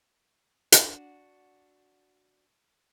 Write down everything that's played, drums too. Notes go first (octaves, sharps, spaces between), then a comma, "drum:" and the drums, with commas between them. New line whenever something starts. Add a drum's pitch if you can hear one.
D4 F#4, drum: hi-hat